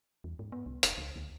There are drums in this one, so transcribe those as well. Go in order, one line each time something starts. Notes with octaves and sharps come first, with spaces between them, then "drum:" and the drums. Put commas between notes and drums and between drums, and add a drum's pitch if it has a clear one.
E2
G#2
B3
C2
E1, drum: hi-hat
C#2
D2